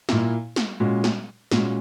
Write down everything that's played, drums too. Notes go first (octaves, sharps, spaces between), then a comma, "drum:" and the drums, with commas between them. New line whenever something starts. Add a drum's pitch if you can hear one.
A#2 A#3 E4, drum: snare
drum: snare
A#2 G#3 C#4 F#4
drum: snare
A#2 G#3 C#4 F#4, drum: snare